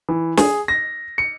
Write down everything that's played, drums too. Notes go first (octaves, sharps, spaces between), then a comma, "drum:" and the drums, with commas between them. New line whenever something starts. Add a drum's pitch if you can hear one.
E3
G#4, drum: snare
A#6
C#7